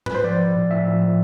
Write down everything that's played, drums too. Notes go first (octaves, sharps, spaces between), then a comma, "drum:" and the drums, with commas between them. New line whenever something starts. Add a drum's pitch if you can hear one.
B4, drum: tom G#2
C5
F3 D5
F3
A2
A2 E5
F3
F3